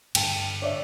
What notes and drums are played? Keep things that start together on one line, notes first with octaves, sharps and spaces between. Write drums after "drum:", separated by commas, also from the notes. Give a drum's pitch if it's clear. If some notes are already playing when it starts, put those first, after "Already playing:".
G2 D3 G5 A5, drum: cymbal
D4 C#5 D5 E5